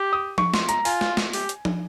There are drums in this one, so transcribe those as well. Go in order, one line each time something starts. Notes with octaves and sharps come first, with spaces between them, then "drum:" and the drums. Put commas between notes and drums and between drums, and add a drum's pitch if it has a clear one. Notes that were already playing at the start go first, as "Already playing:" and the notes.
Already playing: G4
D#6
C#6, drum: tom F3
C6, drum: snare
A#5, drum: hi-hat
F4 G#5, drum: open hi-hat
drum: snare
drum: snare
G4, drum: open hi-hat
drum: hi-hat
drum: tom F3